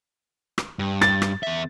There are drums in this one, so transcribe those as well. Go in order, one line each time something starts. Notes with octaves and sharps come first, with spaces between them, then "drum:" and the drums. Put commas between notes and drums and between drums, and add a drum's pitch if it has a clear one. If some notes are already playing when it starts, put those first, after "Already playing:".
drum: rim click
G2
A6, drum: rim click
drum: rim click
E2 E5